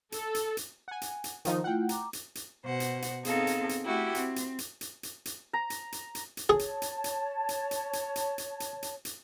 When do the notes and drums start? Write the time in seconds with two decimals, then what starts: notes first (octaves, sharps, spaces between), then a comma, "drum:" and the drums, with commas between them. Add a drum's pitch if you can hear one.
0.12 A4, drum: hi-hat
0.35 drum: hi-hat
0.57 drum: hi-hat
0.88 F#5 G#5
1.01 drum: hi-hat
1.24 drum: hi-hat
1.45 D#3 F3 D#4, drum: hi-hat
1.64 A3 E4 F4 F#5 G5
1.89 A#5 D6, drum: hi-hat
2.13 drum: hi-hat
2.35 drum: hi-hat
2.63 B2 C5 F#5
2.80 drum: hi-hat
3.02 drum: hi-hat
3.25 B3 C4 D#4 G#4 A4 F5, drum: hi-hat
3.47 drum: hi-hat
3.69 drum: hi-hat
3.84 A3 E4 F#4 G4
4.15 C4, drum: hi-hat
4.36 drum: hi-hat
4.59 drum: hi-hat
4.81 drum: hi-hat
5.03 drum: hi-hat
5.25 drum: hi-hat
5.53 A#5
5.70 drum: hi-hat
5.92 drum: hi-hat
6.15 drum: hi-hat
6.37 drum: hi-hat
6.49 G#4 C#5 A5
6.59 drum: hi-hat
6.82 drum: hi-hat
7.04 drum: hi-hat
7.49 drum: hi-hat
7.71 drum: hi-hat
7.93 drum: hi-hat
8.16 drum: hi-hat
8.38 drum: hi-hat
8.60 drum: hi-hat
8.82 drum: hi-hat
9.05 drum: hi-hat